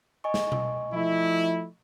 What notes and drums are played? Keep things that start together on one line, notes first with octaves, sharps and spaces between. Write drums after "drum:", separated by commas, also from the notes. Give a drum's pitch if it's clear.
D#5 G#5 C#6
drum: snare
drum: tom B2
F3 A3 E4